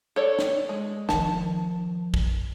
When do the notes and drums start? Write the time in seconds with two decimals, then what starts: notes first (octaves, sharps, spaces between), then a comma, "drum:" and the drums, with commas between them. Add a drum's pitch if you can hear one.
0.16 A4 C#5 D5
0.39 drum: snare
0.69 G#3
1.09 D#3 F3 A5, drum: snare
2.14 drum: kick